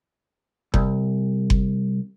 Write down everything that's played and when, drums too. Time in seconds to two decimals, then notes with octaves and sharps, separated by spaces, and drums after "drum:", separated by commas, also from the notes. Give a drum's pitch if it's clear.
0.74 C2, drum: kick F#1
1.50 drum: kick F#1